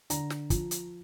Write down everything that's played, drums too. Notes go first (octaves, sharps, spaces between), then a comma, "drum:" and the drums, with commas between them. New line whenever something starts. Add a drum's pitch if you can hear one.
D3 A#5, drum: hi-hat
drum: snare
F3, drum: kick, hi-hat
drum: hi-hat